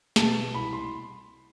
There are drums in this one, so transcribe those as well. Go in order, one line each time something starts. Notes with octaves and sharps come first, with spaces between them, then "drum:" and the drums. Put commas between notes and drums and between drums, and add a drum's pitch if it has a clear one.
B2 A5, drum: snare
C2 B5
C6